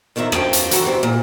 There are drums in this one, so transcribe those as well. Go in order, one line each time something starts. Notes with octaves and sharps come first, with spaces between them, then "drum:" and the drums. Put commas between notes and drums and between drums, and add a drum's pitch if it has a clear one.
E2 D#3 F3 E4 E5 A#5
F#2 F3 D4 G5 A5, drum: rim click
drum: hi-hat
E3 F#4 A4 A#5, drum: hi-hat
C3 E3 C4 E4
A#2